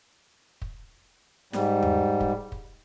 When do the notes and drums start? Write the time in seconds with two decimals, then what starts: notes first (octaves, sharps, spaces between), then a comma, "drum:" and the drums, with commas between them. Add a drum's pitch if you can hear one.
0.62 drum: kick
1.53 G#2 G3, drum: snare
1.83 drum: tom E2
2.21 drum: kick
2.52 drum: kick